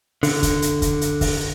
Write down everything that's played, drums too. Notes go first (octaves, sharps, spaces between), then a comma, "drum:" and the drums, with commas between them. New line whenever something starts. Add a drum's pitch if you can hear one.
D3, drum: open hi-hat
drum: kick, hi-hat
drum: hi-hat
drum: kick, hi-hat
drum: hi-hat
drum: kick, open hi-hat